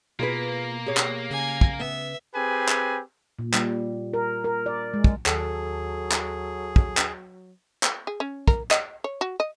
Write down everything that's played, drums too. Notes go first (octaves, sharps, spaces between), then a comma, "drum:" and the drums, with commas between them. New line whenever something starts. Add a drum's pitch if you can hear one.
B2 A#3 F4 G#4 B4
G4 G#4 C#5
drum: clap
C#3 G#5
drum: kick
B3 E5
C4 G4 G#4 B4 G#5
drum: clap
A#2
G3, drum: clap
A#4
A#4
D5
G#3
drum: kick
D#2 F#3 G#4 A4, drum: clap
drum: clap
drum: kick
drum: clap
drum: clap
G#4
C#4
A#4, drum: kick
D#5, drum: clap
C#5
F#4
D#5